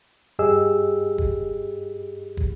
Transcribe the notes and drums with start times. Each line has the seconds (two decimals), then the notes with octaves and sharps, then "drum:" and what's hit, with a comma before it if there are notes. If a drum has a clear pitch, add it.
0.39 G2 G4 G#4 D#5 E6
1.18 drum: kick
2.37 drum: kick